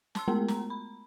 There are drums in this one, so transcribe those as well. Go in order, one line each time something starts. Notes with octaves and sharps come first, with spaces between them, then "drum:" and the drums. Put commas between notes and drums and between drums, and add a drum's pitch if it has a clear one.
A5 C6 E6, drum: snare
G#3 A3 B3 A#4
A#5, drum: snare
B5